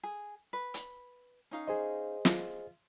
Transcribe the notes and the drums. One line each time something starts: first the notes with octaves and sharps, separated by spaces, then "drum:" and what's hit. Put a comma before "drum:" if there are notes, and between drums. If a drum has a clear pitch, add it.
G#4
B4
drum: hi-hat
C#4 D#4 F5
G#4 C5 D#5
F4, drum: snare